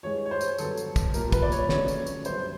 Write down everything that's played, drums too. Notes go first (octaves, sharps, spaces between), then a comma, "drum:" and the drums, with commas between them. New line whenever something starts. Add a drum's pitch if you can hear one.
G2 E3 G#3 C#5
C#5
C5
drum: tambourine
G2 D3 F#3 B3 A4, drum: tambourine
drum: tambourine
drum: kick, tambourine
A#2 G3 A#3 A#4, drum: tambourine
B4, drum: kick, tambourine
D5
C#5, drum: tambourine
C#3 F#3 A3 C#5, drum: snare
drum: tambourine
drum: tambourine
F#2 D3 G3 B3 C5, drum: tambourine